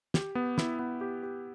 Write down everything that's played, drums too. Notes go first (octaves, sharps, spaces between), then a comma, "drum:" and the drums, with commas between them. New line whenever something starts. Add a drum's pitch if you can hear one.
G4, drum: snare
B3
E4, drum: snare
B3
G4
G4